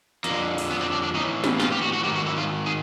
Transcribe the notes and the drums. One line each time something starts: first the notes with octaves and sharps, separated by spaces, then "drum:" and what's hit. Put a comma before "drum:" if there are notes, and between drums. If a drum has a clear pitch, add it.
F2 D3 A#3, drum: hi-hat
drum: open hi-hat
B3
C4
D4
D4
A2 E3 D#4
drum: snare
F4, drum: snare
G4
F#4
F#4
G#2 D#3 G4
F#4
E4
F4
G#4